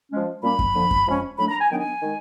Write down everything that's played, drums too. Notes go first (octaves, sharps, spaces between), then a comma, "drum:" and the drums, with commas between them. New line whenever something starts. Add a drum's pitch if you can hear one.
F3 G#3 C#4
A#2 G3 A#3 C#4 B5
drum: kick F#2
D3 F3 A#3
drum: kick F#2
F3 G#3 C#4
A2 F#3 A3 D4 B5
A#5
G#5
D#3 F#3 B3 D4 G5
G#5
D#3 G#3